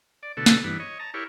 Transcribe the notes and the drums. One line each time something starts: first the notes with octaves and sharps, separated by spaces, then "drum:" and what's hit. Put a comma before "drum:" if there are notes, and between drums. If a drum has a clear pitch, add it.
D5
B2 D3 A3 A4
drum: snare
G2 E3 B3
C#5 D#5
A5 A#5
E4 G4 A#4 C#5